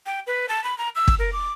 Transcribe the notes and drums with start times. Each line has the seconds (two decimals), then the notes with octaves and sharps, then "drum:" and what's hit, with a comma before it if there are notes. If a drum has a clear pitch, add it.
0.06 G5
0.27 B4
0.49 A5
0.64 B5
0.78 A#5
0.95 E6
1.08 drum: kick
1.19 A#4
1.33 D6